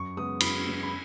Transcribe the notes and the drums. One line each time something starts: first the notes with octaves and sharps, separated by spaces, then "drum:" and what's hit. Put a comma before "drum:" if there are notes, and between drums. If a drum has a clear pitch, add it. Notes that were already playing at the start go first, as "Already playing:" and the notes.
Already playing: F#2 C#6
C#3 G#3 B3 D#6
F#2 B5, drum: cymbal
C#3 G#3 B3
B5